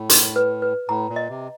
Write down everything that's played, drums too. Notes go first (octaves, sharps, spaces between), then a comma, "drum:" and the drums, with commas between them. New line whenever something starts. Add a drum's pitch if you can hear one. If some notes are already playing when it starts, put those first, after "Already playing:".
Already playing: A2
C6, drum: hi-hat
B4
B4
A2 A#5
A#2
D#5
C3